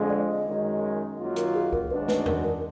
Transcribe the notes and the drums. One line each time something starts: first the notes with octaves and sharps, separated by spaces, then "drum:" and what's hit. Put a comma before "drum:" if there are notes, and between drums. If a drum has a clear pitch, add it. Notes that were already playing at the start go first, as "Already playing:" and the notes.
Already playing: F2 D3 G#3
D5
D#5
F#2 D#3 G#3
F#2 D#3 F#3 A#3 F4
A#4, drum: hi-hat
G#4
A#4, drum: kick
F#2 D#3 G#3 D4 F#4 B4
B4, drum: snare
A#4, drum: tom E2
A#4